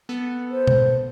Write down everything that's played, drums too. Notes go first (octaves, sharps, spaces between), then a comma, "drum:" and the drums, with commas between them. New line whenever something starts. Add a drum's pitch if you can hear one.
B3 A4
C5
drum: tom B2